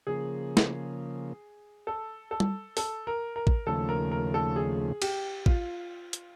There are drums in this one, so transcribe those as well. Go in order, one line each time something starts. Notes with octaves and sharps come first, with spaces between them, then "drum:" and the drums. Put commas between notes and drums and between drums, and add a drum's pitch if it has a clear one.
C#3 F3 A#3 G#4
drum: snare
A4
A4
drum: tom
A4, drum: open hi-hat
A#4
A#4
drum: kick
D#2 C#3 F3 A3 A4
A#4
A#4
A4
G#4
G4, drum: cymbal
F4, drum: kick
drum: hi-hat